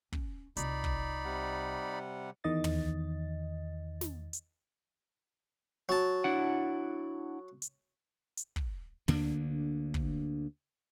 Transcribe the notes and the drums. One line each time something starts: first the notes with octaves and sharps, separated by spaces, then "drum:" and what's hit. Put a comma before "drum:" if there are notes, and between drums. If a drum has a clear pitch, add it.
C#4, drum: kick
C2 D#4 F4 D5 B5, drum: hi-hat
drum: kick
C3 G3 F#5
E2 D#3 D#5 A6
drum: tom
drum: snare
drum: hi-hat
F#3 A5
D4 E4 F#5
drum: hi-hat
drum: hi-hat
drum: kick
D2 D3 A#3 D4, drum: tom
drum: kick